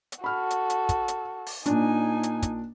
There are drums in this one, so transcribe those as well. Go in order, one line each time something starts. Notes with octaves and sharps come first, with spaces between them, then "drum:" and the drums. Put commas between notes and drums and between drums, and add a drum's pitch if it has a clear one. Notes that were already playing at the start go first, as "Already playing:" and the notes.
drum: hi-hat
F#4 A4 B5 F6
drum: hi-hat
drum: hi-hat
drum: kick, hi-hat
drum: hi-hat
drum: open hi-hat
A#2 D4 D#4 G#5, drum: hi-hat
drum: hi-hat
drum: kick, hi-hat